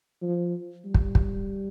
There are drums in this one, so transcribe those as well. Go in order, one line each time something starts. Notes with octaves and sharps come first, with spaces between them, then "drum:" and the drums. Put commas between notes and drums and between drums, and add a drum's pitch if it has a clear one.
F3
G3
drum: kick
drum: kick